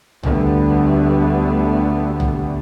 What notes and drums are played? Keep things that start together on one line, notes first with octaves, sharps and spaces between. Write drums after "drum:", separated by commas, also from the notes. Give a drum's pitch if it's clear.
D2 D3 G3 A3 B3, drum: tom B1
drum: tom B1